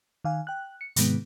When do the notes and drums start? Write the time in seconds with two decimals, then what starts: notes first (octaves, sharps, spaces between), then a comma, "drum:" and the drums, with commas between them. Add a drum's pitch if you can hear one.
0.24 D#3 F5 G#5
0.47 G5 F#6
0.81 C#7
0.96 G#2 C3 D#3 G#3 B3, drum: hi-hat